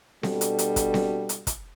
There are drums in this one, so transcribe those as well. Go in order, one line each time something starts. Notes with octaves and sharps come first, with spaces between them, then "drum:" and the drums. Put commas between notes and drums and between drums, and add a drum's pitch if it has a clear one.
B2 G3 D4 F#4 A4, drum: snare C4
drum: hi-hat
drum: hi-hat
drum: kick, hi-hat
drum: snare C4
drum: hi-hat
drum: kick, hi-hat